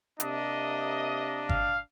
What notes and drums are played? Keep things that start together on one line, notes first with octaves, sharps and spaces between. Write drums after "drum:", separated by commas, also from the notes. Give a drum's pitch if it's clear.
C3 A#3 D4 D#5, drum: hi-hat
F5, drum: kick G1